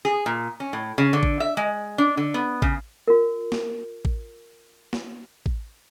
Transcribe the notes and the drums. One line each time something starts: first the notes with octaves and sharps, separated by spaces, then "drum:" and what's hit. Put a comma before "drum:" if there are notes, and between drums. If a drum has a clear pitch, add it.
G#4
A#2
C#4
A2
C#3
D3
drum: kick A1
E5
G#3
D4
D3
B3
C#3, drum: kick A1
F4 A#4
drum: snare
drum: kick A1
drum: snare
drum: kick A1